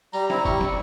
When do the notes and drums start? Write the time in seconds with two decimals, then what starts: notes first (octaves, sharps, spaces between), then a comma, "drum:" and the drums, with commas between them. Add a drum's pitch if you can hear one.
0.13 G3 A#5, drum: tambourine
0.30 C4 E4 A#5, drum: snare
0.45 G3 C#6, drum: kick, tambourine
0.61 C4 E4, drum: snare